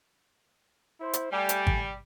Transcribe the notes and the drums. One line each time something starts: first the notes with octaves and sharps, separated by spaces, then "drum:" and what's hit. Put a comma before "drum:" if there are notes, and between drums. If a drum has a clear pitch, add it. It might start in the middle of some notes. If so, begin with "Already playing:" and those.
E4 C5
drum: hi-hat
G3 A3 G5 G#5
drum: hi-hat
drum: kick G#1